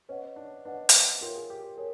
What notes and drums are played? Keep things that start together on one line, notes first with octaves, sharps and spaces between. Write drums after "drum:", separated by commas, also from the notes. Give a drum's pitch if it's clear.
C#4 B4 D#5 F#5
D4
D4 B4 D#5 F#5
drum: hi-hat
F4 A#4 C#5 E5 G5
G#4
G4
G4
G#4 A#4 C#5